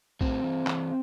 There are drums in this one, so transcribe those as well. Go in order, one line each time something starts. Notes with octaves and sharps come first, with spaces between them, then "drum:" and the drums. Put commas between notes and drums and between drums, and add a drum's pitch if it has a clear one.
A2 C4, drum: kick
E3
E3, drum: clap